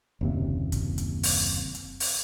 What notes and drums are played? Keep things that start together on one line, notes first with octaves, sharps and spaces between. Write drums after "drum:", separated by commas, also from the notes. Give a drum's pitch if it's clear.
F#1 D#2 C3
drum: kick, hi-hat
drum: hi-hat
drum: open hi-hat
drum: hi-hat
drum: open hi-hat